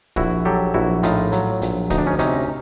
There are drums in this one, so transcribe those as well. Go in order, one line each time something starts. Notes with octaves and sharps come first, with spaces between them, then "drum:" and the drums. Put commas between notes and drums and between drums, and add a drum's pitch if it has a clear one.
A#1 E4 F#4, drum: kick
F#3 G4 A4
A#1 E4 F#4
A2 D#4 F4, drum: hi-hat
F#3, drum: hi-hat
A#1, drum: hi-hat
D2 D#4, drum: kick, hi-hat
D4
C#4 D#4
C3 C#4 D#4, drum: hi-hat